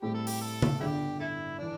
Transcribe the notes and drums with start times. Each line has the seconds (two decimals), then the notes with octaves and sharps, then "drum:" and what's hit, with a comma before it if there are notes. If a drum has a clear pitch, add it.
0.02 A2 G3 C4 G4
0.14 A4
0.27 G4, drum: open hi-hat
0.41 A4
0.62 drum: tom C#3
0.80 G1 G2 D3 G3 E4 G4
1.20 A3 E4
1.59 E3 D4